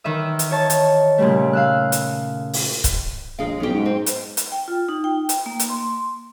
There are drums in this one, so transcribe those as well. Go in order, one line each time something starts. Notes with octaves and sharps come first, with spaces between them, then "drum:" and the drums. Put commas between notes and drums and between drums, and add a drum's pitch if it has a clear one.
D#3 E3 E5 D#6
drum: hi-hat
C#5 A5
drum: hi-hat
A#2 C#3 G3 A3
F5 E6 F#6
drum: hi-hat
drum: open hi-hat
drum: kick, hi-hat
A#1 D#2 G#3 F5
B1 C#4 G4
G#2
C4
drum: hi-hat
drum: hi-hat
G5
F4
D#4
G5
drum: hi-hat
A#3
drum: hi-hat
C6